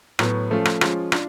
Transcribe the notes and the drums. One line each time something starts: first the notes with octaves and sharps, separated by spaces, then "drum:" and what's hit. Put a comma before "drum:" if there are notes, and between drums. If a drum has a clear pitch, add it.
A2 F#3 B3, drum: rim click
F3 A3 C#4 F4
drum: rim click
F3 G#3 C#4 F4, drum: rim click
D4 F4, drum: rim click